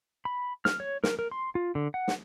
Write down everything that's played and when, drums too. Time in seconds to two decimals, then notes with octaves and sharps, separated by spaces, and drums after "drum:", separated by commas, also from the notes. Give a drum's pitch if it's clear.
0.25 B5
0.65 F6, drum: snare
0.80 C#5
1.04 A#4, drum: snare
1.19 A#4
1.31 C6
1.55 F4
1.75 D3
1.94 F#5
2.08 drum: snare